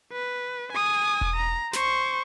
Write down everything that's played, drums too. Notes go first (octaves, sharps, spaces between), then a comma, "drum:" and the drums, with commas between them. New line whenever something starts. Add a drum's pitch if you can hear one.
B4
G#5 D#6
drum: kick E1
A#5
C5 C#6, drum: snare